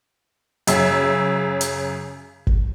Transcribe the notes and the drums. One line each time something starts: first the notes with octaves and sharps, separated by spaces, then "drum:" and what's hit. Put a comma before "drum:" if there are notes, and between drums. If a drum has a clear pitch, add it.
F#2 C#3 E5, drum: hi-hat
drum: hi-hat
drum: kick